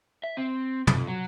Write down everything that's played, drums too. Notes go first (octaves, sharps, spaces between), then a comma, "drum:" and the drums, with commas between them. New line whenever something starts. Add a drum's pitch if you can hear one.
E5
C4
F2, drum: tom
F#3